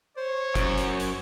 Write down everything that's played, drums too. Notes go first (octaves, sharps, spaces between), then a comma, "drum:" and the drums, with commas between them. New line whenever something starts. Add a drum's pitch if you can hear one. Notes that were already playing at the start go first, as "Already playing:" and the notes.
C5 C#5
F#2, drum: kick F#1, hi-hat
drum: hi-hat
drum: hi-hat